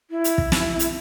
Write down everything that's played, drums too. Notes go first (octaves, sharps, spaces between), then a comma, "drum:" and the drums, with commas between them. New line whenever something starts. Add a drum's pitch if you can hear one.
E4
drum: hi-hat
drum: kick
drum: snare
drum: hi-hat